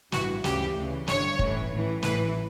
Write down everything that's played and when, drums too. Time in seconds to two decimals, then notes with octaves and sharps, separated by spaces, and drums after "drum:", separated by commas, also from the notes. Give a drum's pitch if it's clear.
0.12 A1 G2 E3 F#4, drum: snare
0.44 D2 C#3 E3 G4, drum: snare
0.76 D2 C#3 E3
1.08 G1 G2 D3 C#5, drum: snare
1.39 A1 A2 E3, drum: kick
1.71 A1 A2 E3
2.03 A1 A2 E3 B4, drum: snare